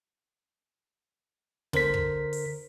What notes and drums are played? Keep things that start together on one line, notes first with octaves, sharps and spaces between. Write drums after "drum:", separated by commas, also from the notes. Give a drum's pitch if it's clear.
D3 A#4 C5 B6, drum: snare
drum: kick
drum: open hi-hat